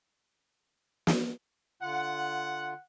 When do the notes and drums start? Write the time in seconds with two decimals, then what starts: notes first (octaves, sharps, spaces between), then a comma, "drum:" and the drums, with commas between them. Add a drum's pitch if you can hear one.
1.07 drum: snare
1.82 D3 F4 F#5